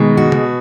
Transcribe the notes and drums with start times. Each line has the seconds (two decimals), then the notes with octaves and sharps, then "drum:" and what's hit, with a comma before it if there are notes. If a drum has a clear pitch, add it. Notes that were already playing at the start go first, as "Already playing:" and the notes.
Already playing: B2 D#3 G#3
0.17 F#4
0.32 drum: tom C#3